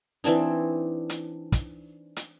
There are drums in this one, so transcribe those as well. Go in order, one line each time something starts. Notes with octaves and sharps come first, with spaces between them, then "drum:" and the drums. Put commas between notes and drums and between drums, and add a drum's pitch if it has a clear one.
E3 C4 D4 D#4
drum: hi-hat
drum: kick, hi-hat
drum: hi-hat